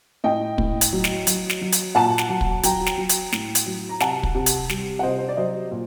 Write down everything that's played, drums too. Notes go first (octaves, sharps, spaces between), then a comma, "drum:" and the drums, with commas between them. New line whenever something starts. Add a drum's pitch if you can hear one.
A2 D#5 G5
A2, drum: kick
drum: hi-hat
F#3
drum: snare
F#3, drum: hi-hat
drum: snare
F#3
drum: hi-hat
A#2 F#5 A5
drum: snare
F#3
drum: kick
F#3 G5 A#5, drum: hi-hat
drum: snare
F#3
drum: hi-hat
A2, drum: snare
drum: hi-hat
F#3
A#5
C3 F#5 A5, drum: snare
drum: kick
C3
drum: hi-hat
G3, drum: snare
F#5
C3 C5 D#5
C5
D5
F#3 C5 D#5
A#2